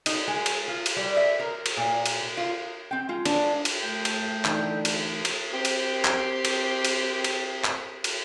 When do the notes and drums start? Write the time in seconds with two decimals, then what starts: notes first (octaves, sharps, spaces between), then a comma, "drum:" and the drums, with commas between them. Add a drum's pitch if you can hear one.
0.06 D#4, drum: cymbal
0.28 G#3
0.46 drum: cymbal
0.68 F4
0.86 drum: cymbal
0.97 G3
1.17 E5
1.40 A#4
1.66 drum: cymbal
1.77 A#2
2.06 drum: cymbal
2.37 F4
2.91 C4 G5
3.09 G#3 F4
3.25 D4, drum: cymbal
3.65 drum: cymbal
3.83 A3 G5
4.05 drum: cymbal
4.45 D3 E3 D#4 E5, drum: clap
4.85 drum: cymbal
5.25 drum: cymbal
5.51 C4 G4
5.65 drum: cymbal
6.05 drum: clap
6.45 drum: cymbal
6.85 drum: cymbal
7.24 drum: cymbal
7.64 drum: clap
8.04 drum: cymbal